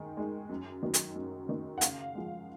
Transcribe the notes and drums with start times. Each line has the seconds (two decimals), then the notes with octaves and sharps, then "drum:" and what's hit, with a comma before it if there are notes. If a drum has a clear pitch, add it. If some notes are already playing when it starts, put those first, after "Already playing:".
Already playing: D#3 G#3 D#4
0.17 G#3 D#4
0.49 F#2
0.83 D#3 F#3
0.94 drum: hi-hat
1.16 F#2
1.49 D#3 F#3
1.78 F#5
1.81 C#3 F5, drum: hi-hat
2.15 F3 G#3